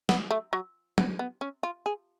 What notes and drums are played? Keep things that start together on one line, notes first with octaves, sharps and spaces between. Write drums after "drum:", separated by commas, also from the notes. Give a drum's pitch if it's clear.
B3, drum: snare
A3
F#3
B3, drum: tom
B3
C#4
F4
G#4